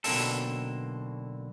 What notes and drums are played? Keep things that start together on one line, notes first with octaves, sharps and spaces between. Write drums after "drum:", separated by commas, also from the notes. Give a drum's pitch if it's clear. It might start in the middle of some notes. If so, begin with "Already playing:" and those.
B1 B2 D3 A#3 C4 A4, drum: open hi-hat